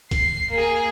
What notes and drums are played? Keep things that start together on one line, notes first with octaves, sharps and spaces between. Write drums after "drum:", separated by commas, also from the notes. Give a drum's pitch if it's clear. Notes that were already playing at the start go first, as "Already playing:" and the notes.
C7, drum: kick, hi-hat
A#3 G#4